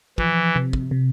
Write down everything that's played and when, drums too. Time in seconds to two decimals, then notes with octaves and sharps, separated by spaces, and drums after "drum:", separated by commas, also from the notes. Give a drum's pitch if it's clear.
0.18 E3 F3, drum: kick
0.56 C3
0.73 drum: kick
0.91 C3